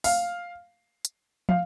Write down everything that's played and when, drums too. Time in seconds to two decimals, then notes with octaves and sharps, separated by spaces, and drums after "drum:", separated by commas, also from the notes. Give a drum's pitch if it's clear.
0.04 F5, drum: open hi-hat
1.05 drum: hi-hat
1.49 F5, drum: tom